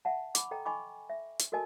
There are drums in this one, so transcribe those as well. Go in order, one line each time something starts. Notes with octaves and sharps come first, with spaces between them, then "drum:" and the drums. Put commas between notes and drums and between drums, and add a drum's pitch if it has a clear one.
E5 F#5 A5
B5 D6, drum: hi-hat
A4 D#5 G5 A#5
D#5 G#5 B5 C#6 D6
E5
drum: hi-hat
F#4 A4 A#4 D#5 G#5 A5